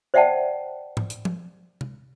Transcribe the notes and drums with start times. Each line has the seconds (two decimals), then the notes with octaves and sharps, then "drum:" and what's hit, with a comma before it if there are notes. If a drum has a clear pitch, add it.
0.14 C5 D5 E5 F#5 G5 A5
0.97 drum: tom
1.10 drum: hi-hat
1.25 drum: tom
1.81 drum: tom C3